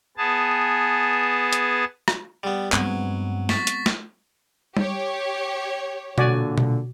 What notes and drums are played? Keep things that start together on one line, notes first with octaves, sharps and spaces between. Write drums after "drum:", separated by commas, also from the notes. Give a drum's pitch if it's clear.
B3 G#4 A5
drum: hi-hat
drum: rim click
G3 B3
G2 F#3 G#3 B3 C4 G#5, drum: clap
C#6 A6 B6, drum: snare
drum: hi-hat
drum: snare
G4 C#5, drum: tom G3
A#2 D3 F#4 D5 G#5, drum: tom B2
drum: tom B2